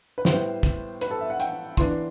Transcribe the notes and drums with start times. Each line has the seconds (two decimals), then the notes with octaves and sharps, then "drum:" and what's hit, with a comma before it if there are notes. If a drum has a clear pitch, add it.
0.18 B4
0.25 A2 G3 B3 C5, drum: snare
0.63 drum: kick, hi-hat
1.01 B4, drum: hi-hat
1.11 A4
1.21 E5
1.30 F#5
1.40 G5, drum: hi-hat
1.77 E3 B3 D4 C6, drum: kick, hi-hat